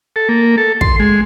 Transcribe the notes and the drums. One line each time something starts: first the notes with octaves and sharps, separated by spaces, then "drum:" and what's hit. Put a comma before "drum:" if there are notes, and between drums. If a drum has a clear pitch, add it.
A4
A#3
A4
C6, drum: kick
G#3